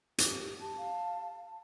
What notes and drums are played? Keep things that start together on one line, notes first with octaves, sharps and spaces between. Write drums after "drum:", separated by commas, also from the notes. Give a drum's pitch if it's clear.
G4, drum: hi-hat
A5
F5